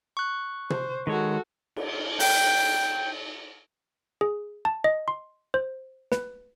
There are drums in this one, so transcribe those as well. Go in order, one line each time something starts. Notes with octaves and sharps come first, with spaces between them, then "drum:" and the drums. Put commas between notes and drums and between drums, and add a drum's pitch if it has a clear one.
C#6 F#6
C5, drum: tom
D#3 G#3 F#4 A4 C#5
drum: cymbal
G5, drum: open hi-hat
G#4
A5
D#5
C6
C5
B4, drum: snare